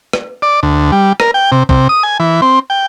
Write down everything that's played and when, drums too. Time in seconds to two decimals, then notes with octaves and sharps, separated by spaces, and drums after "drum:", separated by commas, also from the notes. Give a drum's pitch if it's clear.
0.13 drum: rim click
0.42 D5
0.63 D2
0.92 G3
1.20 A#4, drum: rim click
1.34 G5
1.52 C3
1.69 C3, drum: kick
1.89 D#6
2.03 G#5
2.20 E3
2.42 C4
2.70 G5